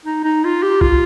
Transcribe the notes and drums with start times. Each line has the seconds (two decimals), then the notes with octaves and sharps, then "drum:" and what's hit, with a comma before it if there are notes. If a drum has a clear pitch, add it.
0.05 D#4
0.24 D#4
0.44 F4
0.63 G4
0.81 F4, drum: kick A1